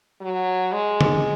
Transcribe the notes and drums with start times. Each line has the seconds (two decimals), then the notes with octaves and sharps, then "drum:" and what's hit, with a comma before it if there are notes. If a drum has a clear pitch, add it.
0.21 F#3
0.72 G#3
1.01 drum: tom D3